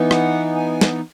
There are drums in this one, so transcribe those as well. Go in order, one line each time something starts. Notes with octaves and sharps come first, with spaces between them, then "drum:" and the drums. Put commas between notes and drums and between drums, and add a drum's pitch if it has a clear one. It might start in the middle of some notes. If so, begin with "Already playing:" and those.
Already playing: E3 B3 D#4
F#5, drum: rim click
G#5
drum: snare